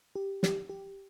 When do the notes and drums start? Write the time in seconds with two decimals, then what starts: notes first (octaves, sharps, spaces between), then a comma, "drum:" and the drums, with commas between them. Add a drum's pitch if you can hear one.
0.16 G4
0.43 G4, drum: snare
0.69 G4